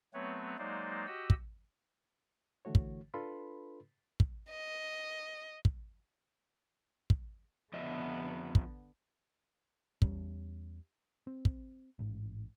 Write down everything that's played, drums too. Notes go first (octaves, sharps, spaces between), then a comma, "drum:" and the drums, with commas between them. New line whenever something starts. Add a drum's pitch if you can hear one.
F#3 A3 B3 C4 B4 C#5
F#3 G#3 A#3 D#4 C5 D5
F#4 G4 D#5 F#5 E6
drum: kick
D3 E3 A3 F#4 C#5
drum: kick
D4 F4 A4 B4 B5 C6
drum: kick
D#5
drum: kick
drum: kick
F2 D3 B3 D#5 E5
drum: kick
E2 G3 C#4, drum: kick
C4
drum: kick
A1 G#2